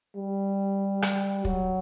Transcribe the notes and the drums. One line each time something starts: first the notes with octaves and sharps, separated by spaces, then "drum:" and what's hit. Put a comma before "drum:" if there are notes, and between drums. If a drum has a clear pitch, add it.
G3
drum: rim click
F#3, drum: kick